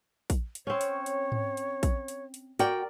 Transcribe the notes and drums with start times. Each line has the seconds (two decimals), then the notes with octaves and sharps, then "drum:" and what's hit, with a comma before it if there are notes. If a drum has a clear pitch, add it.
0.30 drum: kick, hi-hat
0.55 drum: hi-hat
0.67 C4 C#4 C#5
0.81 drum: hi-hat
1.06 drum: hi-hat
1.32 drum: tom G#2
1.57 drum: hi-hat
1.83 drum: kick, hi-hat
2.08 drum: hi-hat
2.34 drum: hi-hat
2.59 F#4 A#4 D5 G5, drum: hi-hat